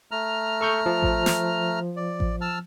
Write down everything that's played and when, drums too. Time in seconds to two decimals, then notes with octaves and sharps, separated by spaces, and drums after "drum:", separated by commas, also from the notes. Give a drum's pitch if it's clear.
0.11 A3 A#5 F6
0.61 A4 C#6 G6
0.86 F3
1.03 drum: kick A1
1.26 drum: snare
1.97 D5
2.20 drum: kick A1
2.41 A5 E6 F6